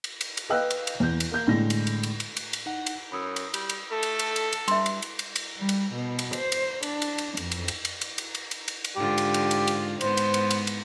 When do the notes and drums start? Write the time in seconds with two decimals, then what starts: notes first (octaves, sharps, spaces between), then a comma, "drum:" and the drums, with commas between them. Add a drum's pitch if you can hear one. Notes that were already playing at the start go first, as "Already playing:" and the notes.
0.04 drum: cymbal
0.21 drum: cymbal
0.37 drum: cymbal
0.50 B4 D#5 F5 G5 E6 F#6
0.70 drum: cymbal
0.87 drum: cymbal
1.00 E2 G6
1.20 drum: cymbal
1.31 A#3 G6
1.47 A2 D3 G#3 A#6
1.70 drum: cymbal
1.87 drum: cymbal
2.03 drum: cymbal
2.20 drum: cymbal
2.37 drum: cymbal
2.53 drum: cymbal
2.66 D#4 F#5
2.86 drum: cymbal
3.12 F#2 B5 D#6 E6
3.36 drum: cymbal
3.54 G3, drum: cymbal
3.69 drum: cymbal
3.91 A3 A4
4.03 drum: cymbal
4.19 drum: cymbal
4.36 drum: cymbal
4.53 drum: cymbal
4.68 G2 G3 E5 C6, drum: cymbal
4.86 drum: cymbal
5.02 drum: cymbal
5.19 drum: cymbal
5.36 drum: cymbal
5.55 G3
5.69 drum: cymbal
5.92 B2
6.19 drum: cymbal
6.33 C5, drum: cymbal
6.52 drum: cymbal
6.83 D4, drum: cymbal
7.02 drum: cymbal
7.18 drum: cymbal
7.37 F2, drum: cymbal
7.52 drum: cymbal
7.68 drum: cymbal
7.85 drum: cymbal
8.01 drum: cymbal
8.18 drum: cymbal
8.35 drum: cymbal
8.51 drum: cymbal
8.68 drum: cymbal
8.84 drum: cymbal
8.96 G#2 D3 F4 G4
9.18 drum: cymbal
9.34 drum: cymbal
9.51 drum: cymbal
9.67 drum: cymbal
10.01 G#2 B3 C5, drum: cymbal
10.17 drum: cymbal
10.34 drum: cymbal
10.51 drum: cymbal
10.67 drum: cymbal